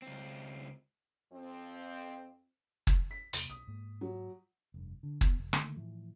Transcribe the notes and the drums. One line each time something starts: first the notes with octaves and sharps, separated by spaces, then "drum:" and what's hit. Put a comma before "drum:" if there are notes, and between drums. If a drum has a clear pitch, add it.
C#2 C4
F2 C4
drum: kick
B6
E2 C3 A#3, drum: hi-hat
B1 D#6
G#2 A#3
F#3
F1 G2
D3
B3, drum: kick
F1
D3 D#3 A3 A#3, drum: rim click
A2 E3 F3